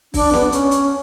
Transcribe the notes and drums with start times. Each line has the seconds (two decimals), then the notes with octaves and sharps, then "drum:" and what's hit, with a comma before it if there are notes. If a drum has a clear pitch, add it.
0.14 D4, drum: kick, open hi-hat
0.33 B3, drum: snare B3
0.52 C#4, drum: hi-hat
0.71 drum: hi-hat